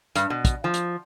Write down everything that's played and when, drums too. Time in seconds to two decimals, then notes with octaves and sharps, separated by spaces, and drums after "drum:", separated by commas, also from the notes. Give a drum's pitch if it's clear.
0.15 G2, drum: hi-hat
0.30 B2
0.45 drum: kick, hi-hat
0.64 F3
0.74 drum: hi-hat